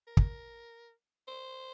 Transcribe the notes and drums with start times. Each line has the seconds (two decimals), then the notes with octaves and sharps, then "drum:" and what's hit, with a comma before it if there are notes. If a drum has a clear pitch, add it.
0.07 A#4
0.17 drum: kick
1.28 C5